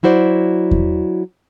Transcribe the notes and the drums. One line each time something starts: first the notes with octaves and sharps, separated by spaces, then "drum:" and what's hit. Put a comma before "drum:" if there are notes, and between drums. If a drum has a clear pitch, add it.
F#3 E4 F#4 C5 D5
drum: kick E2